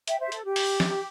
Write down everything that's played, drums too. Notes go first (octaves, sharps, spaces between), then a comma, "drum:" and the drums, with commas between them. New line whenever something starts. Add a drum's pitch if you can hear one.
E5 G5, drum: hi-hat
C5 E5
G4
A4, drum: hi-hat
G4
drum: open hi-hat
drum: snare